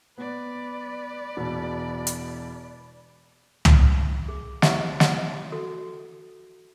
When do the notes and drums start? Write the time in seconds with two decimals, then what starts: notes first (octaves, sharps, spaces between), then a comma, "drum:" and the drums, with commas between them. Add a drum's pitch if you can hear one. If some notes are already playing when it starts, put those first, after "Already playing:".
0.18 B3 B4 D5
1.37 E1 B2
2.07 drum: hi-hat
3.65 drum: tom
4.28 G#4
4.62 E4 G4 C5 E5 C#6, drum: snare
5.00 drum: snare
5.52 F#4 A4 D#6